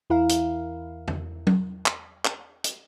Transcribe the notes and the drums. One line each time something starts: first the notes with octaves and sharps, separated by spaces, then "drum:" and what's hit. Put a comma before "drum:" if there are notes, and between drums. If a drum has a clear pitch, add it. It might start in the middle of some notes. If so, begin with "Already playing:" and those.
E2 E4 A#4 F5
drum: hi-hat
drum: tom E2
drum: tom F#3
drum: clap
drum: clap
drum: hi-hat